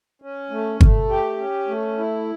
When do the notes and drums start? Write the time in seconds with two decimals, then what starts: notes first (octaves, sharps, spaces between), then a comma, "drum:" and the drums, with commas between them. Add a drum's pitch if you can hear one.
0.22 C#4
0.51 A3
0.81 A3, drum: kick
1.09 G4
1.38 C#4
1.68 A3
1.98 E4